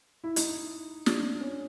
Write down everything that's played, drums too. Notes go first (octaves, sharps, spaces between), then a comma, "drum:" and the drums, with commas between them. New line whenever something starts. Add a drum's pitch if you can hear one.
E4
D#4, drum: hi-hat
D4, drum: snare
C#4